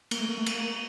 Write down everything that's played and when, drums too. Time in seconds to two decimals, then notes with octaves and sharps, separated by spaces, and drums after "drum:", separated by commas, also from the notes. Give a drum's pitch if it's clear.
0.11 A#3, drum: cymbal
0.20 A3
0.29 A#3
0.38 A3
0.46 A#3, drum: cymbal